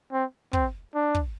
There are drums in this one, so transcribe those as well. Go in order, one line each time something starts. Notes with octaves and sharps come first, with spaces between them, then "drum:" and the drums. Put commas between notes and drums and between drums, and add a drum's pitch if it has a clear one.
C4
C4, drum: kick
D4
drum: kick